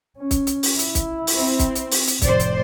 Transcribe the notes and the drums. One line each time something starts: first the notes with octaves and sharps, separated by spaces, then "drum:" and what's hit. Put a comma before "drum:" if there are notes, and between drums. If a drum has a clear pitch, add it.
C#4
drum: kick, hi-hat
drum: hi-hat
drum: open hi-hat
E4, drum: hi-hat
drum: kick, hi-hat
drum: open hi-hat
C4
drum: kick, hi-hat
drum: hi-hat
drum: open hi-hat
drum: hi-hat
F1 A2 C5 D5, drum: kick, hi-hat
drum: hi-hat